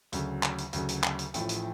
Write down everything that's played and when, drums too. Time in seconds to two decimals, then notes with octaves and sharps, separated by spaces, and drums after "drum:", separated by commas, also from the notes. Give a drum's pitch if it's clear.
0.12 D2 C#3 F#3, drum: hi-hat
0.43 drum: clap
0.58 drum: hi-hat
0.73 D2 C#3 F#3, drum: hi-hat
0.88 drum: hi-hat
1.04 drum: clap
1.19 drum: hi-hat
1.34 A1 A2 F3, drum: hi-hat
1.49 drum: hi-hat